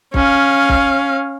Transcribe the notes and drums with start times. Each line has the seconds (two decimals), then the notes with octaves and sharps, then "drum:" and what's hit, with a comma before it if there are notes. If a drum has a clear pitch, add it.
0.14 C#4 F5, drum: kick
0.69 drum: kick